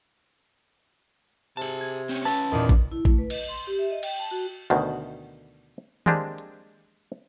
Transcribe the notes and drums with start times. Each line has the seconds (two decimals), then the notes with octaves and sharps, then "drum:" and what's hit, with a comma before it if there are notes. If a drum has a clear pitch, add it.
1.57 C3 G#4 A5
1.81 G#6
2.09 C4 C#4
2.25 C#4 B4 A5 E6
2.52 E2 A#2 D#3
2.69 drum: kick A1
2.92 E4
3.05 A3, drum: kick A1
3.18 B4
3.30 D#5, drum: cymbal
3.48 C6
3.67 G4
3.79 E5
3.91 D#5
4.03 G5, drum: cymbal
4.19 A5
4.31 F#4
4.70 D2 B2 D#3
6.06 G#3 A#3 C4 D4 G4 G#4, drum: tom D#3
6.38 drum: hi-hat